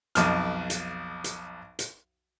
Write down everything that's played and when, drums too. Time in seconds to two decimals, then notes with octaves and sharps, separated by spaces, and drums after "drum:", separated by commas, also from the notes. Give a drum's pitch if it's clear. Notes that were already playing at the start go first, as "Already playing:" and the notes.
0.15 B1 F2 F6, drum: hi-hat
0.70 drum: hi-hat
1.24 drum: hi-hat
1.79 drum: hi-hat